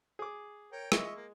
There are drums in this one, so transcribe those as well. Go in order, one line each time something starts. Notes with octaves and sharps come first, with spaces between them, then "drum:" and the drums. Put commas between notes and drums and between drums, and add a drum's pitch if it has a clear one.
G#4 D6
A#4 C#5 G5
G#3 D#5 E5 C#6, drum: rim click
A#3